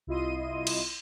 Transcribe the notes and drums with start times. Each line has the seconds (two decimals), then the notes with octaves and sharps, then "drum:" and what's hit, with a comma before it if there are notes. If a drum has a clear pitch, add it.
0.07 C2 E4 F4 D#5 C6 D#7
0.67 drum: cymbal